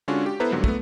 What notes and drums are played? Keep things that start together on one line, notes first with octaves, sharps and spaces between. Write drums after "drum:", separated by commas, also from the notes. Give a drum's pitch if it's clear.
D3 G#3 C#4 D4 F4 F#4
G4
B3 E4 A4 B4 C5 A#5
G#2 D3 F#3 G3 A#3
A3 B3, drum: kick